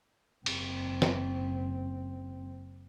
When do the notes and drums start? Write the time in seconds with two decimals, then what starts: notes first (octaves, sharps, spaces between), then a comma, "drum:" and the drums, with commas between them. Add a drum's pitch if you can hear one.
0.46 F#1 C4, drum: cymbal
1.02 drum: snare